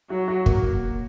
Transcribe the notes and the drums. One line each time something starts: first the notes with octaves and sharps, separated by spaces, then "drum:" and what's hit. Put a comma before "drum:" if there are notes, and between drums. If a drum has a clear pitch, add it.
F#3 F#4
F#4
A#3, drum: kick